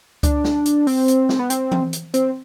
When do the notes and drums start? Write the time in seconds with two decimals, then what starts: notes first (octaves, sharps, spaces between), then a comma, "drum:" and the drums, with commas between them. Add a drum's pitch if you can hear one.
0.23 D4, drum: kick C#2, hi-hat
0.44 drum: snare
0.65 drum: hi-hat
0.87 C4, drum: open hi-hat
1.08 drum: hi-hat
1.29 drum: snare
1.39 B3
1.50 C4, drum: hi-hat
1.72 drum: tom E3
1.93 drum: hi-hat
2.14 C4, drum: hi-hat